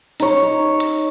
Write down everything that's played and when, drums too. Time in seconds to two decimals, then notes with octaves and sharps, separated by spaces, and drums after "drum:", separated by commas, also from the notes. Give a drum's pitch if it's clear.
0.20 D#4 C#5, drum: open hi-hat
0.80 drum: hi-hat